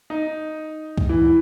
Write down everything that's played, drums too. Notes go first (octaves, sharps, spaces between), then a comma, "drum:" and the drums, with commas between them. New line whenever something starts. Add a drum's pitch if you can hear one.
D#4
drum: kick C#2
E3